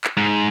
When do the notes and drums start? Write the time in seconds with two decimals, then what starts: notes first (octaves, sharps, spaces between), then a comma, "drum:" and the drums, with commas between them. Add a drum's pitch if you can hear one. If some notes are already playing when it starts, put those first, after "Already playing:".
0.04 drum: clap
0.17 G#2